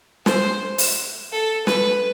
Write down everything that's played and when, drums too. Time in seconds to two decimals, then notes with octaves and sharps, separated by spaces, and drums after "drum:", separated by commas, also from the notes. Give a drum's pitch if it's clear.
0.26 C5, drum: snare
0.78 drum: open hi-hat
1.32 A4
1.67 B4, drum: snare